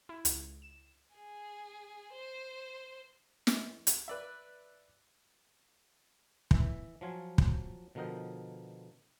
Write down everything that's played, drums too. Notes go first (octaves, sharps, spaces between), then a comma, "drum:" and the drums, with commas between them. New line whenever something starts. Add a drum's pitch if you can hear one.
E4
C#2, drum: hi-hat
E7
G#4
C5
drum: snare
drum: hi-hat
B4 D5 E5
E3 E5, drum: kick
F3 F#3 F4 G#5
drum: kick
B2 D3 F3 A#4 D#5 G5